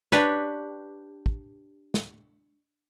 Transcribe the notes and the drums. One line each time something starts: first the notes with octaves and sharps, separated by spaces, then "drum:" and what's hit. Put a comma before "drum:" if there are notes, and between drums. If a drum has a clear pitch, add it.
D4 G4 B4 C#5, drum: snare
drum: kick
drum: snare